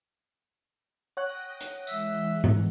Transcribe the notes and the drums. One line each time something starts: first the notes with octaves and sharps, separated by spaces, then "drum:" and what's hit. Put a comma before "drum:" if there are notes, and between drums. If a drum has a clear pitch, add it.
C#5 F#5 G5 D#6 F#6 A#6
drum: hi-hat
E3 G#3 E5, drum: tambourine
drum: tom G#2